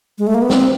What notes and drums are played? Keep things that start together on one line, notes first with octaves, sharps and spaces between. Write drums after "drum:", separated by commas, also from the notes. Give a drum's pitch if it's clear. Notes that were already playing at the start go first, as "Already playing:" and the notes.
G#3
A3
A#3
B3
C4, drum: snare